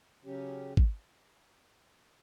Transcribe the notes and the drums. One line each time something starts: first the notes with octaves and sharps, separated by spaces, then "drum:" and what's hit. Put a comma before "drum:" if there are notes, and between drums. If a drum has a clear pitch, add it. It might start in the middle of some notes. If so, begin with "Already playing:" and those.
C#3 F#3 C#4 G4
drum: kick